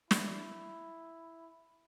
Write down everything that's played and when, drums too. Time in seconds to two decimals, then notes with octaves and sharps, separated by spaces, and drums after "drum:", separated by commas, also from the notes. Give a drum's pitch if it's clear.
0.11 E4, drum: snare